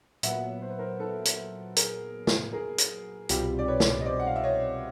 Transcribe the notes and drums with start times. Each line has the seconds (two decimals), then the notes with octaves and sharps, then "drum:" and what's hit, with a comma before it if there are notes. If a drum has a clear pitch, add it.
0.23 A#2 F#3 B3 E5 F#5, drum: hi-hat
0.62 C5
0.70 B4
0.79 A#4 C5
0.99 A4 B4
1.25 drum: hi-hat
1.77 G#4 A#4, drum: hi-hat
2.27 drum: snare
2.53 G#4 A#4
2.78 drum: hi-hat
3.29 C2 B2 G3 C4 F4 G4, drum: hi-hat
3.59 D5
3.68 B4 C#5
3.80 drum: snare
4.01 D#5
4.06 C5 D5
4.20 F#5
4.27 F5
4.36 E5
4.44 C#5 D#5